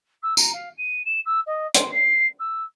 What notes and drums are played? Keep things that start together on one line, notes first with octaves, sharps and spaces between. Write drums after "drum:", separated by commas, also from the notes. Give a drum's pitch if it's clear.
E6
A#5, drum: tambourine
F5
D#7
E7
E6
D#5
C6, drum: hi-hat
C7
E6